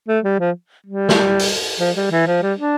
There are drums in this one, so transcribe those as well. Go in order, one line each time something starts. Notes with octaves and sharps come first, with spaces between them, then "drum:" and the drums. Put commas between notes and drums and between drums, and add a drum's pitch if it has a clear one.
A3
G3
F3
G3
drum: snare
drum: open hi-hat
F3
G3
E3
F3
G3
D4